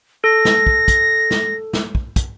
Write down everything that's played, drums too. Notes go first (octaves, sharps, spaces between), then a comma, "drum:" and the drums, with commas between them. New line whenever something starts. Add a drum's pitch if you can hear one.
A4 A#6
drum: snare
drum: kick
drum: kick, hi-hat
drum: snare
drum: snare
drum: kick
drum: kick, hi-hat